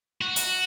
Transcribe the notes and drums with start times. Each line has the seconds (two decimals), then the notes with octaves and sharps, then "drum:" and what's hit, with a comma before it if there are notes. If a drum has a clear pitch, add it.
0.21 F#4
0.36 drum: hi-hat